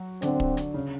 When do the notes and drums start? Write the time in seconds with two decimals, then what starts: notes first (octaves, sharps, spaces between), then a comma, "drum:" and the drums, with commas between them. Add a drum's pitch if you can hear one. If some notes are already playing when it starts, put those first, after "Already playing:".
Already playing: F#3 F#4
0.22 D3 C4 D4, drum: hi-hat
0.40 drum: kick
0.57 drum: hi-hat
0.74 C#3 C#4